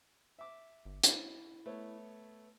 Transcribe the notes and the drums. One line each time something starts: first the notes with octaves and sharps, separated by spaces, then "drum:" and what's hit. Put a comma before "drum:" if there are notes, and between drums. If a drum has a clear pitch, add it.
E5 D6
G1
E4, drum: hi-hat
A3 B3 C#5